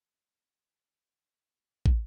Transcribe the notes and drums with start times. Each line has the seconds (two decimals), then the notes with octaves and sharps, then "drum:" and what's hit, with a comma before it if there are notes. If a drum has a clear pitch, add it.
0.01 G3
0.38 G3
0.76 G#3
1.13 A#3
1.51 B3
1.86 drum: kick